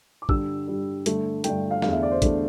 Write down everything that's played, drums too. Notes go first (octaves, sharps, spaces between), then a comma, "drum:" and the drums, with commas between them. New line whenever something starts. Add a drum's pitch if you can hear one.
D6
G2 D3 G3 E6, drum: kick
G2 D3 G3
G2 D3 A3, drum: hi-hat
G2 D3 A3 G5, drum: hi-hat
F5
E2 D3 A3 F5, drum: snare
E5
D5
C5
E2 D3 A3, drum: kick, hi-hat